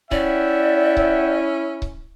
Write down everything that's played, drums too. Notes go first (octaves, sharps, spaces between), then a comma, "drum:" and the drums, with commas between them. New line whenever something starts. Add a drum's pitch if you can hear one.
C#4 E4 D5 E5 F#5 G5, drum: kick C#1
drum: kick C#1
drum: kick C#1